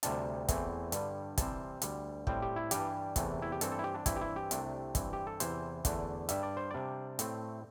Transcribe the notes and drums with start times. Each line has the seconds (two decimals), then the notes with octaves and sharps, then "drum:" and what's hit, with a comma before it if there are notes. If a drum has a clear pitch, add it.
0.03 D2 C3 G3 D4 A5, drum: hi-hat
0.48 E2 E3 A3 C4, drum: kick, hi-hat
0.92 G2 D3 G3, drum: hi-hat
1.37 C3 E3 G3 C4 A5, drum: kick, hi-hat
1.82 D2 D3 G3 D4, drum: hi-hat
2.27 A2 G3 C4 G5, drum: kick
2.42 G4
2.56 E4
2.71 G2 E3 G3 D4 G4, drum: hi-hat
3.16 E2 C3 E3 A3, drum: kick, hi-hat
3.42 E4
3.52 G4
3.61 G2 E3 C4 A4, drum: hi-hat
3.72 A4
3.79 E4
3.84 G4
3.95 D4
4.06 G2 E3 C4 E4, drum: kick, hi-hat
4.16 G4
4.21 E4
4.36 G4
4.51 C2 C3 A3 D4, drum: hi-hat
4.95 G2 E3 C4, drum: kick, hi-hat
5.13 G4
5.27 A4
5.40 E2 C3 E3 C5, drum: hi-hat
5.85 E2 D3 A3 D4, drum: kick, hi-hat
6.29 G2 G3 D4 E5, drum: hi-hat
6.43 D5
6.57 C5
6.71 C3 G3 D4 D5
7.19 A2 A3 C4, drum: hi-hat